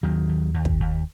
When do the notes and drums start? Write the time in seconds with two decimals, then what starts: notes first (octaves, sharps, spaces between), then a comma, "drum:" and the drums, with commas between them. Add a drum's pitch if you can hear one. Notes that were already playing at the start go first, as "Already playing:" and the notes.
0.03 D#2 D#3 F#3
0.29 D#2
0.54 D#2
0.65 drum: kick
0.80 D#2